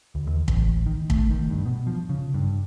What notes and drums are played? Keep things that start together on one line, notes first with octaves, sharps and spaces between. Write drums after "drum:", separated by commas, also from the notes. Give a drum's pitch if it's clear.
D2
D#2
A1, drum: kick
D#3
A3, drum: kick
D#3
G2
B2
F3
C#3
G2